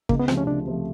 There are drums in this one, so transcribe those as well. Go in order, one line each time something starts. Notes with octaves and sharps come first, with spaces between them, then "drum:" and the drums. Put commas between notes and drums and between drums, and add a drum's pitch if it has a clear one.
C#2 A#3, drum: kick
B3
C3 F3 A3 C4, drum: rim click
C#4
C#2 D4
C3 F3 A3